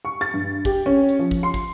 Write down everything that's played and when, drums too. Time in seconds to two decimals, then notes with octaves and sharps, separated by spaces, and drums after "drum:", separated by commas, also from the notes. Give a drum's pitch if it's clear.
0.05 C#6
0.21 A6
0.34 G2
0.65 G4, drum: kick, hi-hat
0.86 C#4
1.09 drum: hi-hat
1.19 F3
1.31 drum: kick
1.43 C6
1.54 drum: kick, hi-hat